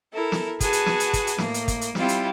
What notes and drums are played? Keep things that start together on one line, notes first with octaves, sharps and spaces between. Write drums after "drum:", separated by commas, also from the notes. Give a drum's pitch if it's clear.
E4 A4 A#4
drum: snare
F#4 G#4 B4 G#5 A5, drum: kick, hi-hat
drum: hi-hat
drum: snare
drum: hi-hat
drum: kick, hi-hat
drum: hi-hat
A2 A#3, drum: snare
drum: hi-hat
drum: kick, hi-hat
drum: hi-hat
G3 C4 E4 F4 G4, drum: snare
drum: hi-hat